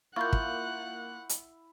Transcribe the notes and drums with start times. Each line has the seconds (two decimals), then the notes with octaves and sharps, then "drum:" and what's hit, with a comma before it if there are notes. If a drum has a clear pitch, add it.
0.16 A#3 E4 F4 F#5 C#6 F#6 G6
0.33 drum: kick
1.29 drum: hi-hat